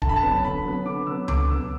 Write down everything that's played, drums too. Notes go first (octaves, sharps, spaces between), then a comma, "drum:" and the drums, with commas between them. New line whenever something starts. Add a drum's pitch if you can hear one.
D3 A5, drum: kick D1
B5
A5
F#3 B3
D3 B5
F#3 B3
D3 D6
F#3 B3 E6
D3 D6, drum: tom C#2
F#3 B3 E6